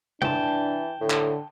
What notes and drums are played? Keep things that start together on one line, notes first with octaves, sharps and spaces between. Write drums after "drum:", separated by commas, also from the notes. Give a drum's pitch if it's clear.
E3 D4 G5 A5, drum: tom
A2 D3
drum: clap